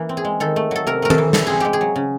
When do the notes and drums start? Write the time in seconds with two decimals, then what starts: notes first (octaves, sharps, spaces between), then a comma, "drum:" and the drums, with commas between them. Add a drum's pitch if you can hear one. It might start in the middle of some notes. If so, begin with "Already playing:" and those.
Already playing: E3 A#3
0.09 C4
0.17 G#4
0.25 G#3
0.40 D#3 A4
0.56 A3
0.71 F#3 A4
0.87 C3 A#4
1.02 A3 A#4
1.10 A4, drum: tom D#3
1.18 E3
1.33 E3 A4, drum: snare
1.47 C4 G#4
1.60 G#3 G4
1.73 G#4
1.81 F#3
1.96 C#3